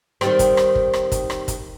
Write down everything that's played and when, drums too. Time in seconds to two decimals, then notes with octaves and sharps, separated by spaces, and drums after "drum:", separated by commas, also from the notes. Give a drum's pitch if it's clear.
0.21 D#3 G3 C4, drum: rim click
0.39 drum: kick, hi-hat
0.57 drum: rim click
0.75 drum: kick
0.93 drum: rim click
1.12 drum: kick, hi-hat
1.30 drum: rim click
1.48 drum: kick, hi-hat